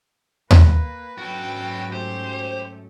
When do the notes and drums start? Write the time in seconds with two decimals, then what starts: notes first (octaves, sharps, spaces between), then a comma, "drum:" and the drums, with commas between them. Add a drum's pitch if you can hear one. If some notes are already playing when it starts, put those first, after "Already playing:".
0.51 A#3 B4, drum: tom D#2
1.18 G#2 F#3 C#4 F#4 A4 G5
1.92 A3 G4 C5